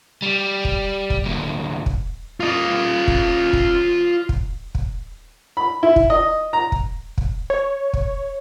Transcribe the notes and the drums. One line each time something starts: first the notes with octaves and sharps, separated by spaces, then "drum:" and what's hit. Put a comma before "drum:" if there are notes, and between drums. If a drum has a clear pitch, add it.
G3
drum: kick
drum: kick
D2 A#2
drum: kick
F4 D#5
drum: kick
drum: kick
drum: kick
drum: kick
B5
E4
drum: kick
D#5
A#5
drum: kick
drum: kick
C#5
drum: kick